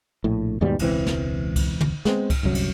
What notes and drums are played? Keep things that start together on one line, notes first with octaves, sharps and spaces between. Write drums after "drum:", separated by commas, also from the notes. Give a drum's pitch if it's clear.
A#1 A2
D#2 G#2 B2 G3
E1 C#2 E3 C4, drum: cymbal
drum: snare
drum: kick C2, cymbal
drum: tom
G#3 B3 C4, drum: snare
drum: kick C2, cymbal
D1 C2 F#2 F#3
drum: cymbal